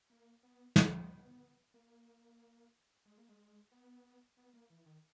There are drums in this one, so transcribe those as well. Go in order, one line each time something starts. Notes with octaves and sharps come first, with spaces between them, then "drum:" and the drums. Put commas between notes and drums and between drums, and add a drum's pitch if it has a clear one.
A#3
B3
C#4, drum: snare
B3
A#3
G#3
A#3
G#3
B3
B3
A#3
E3
D#3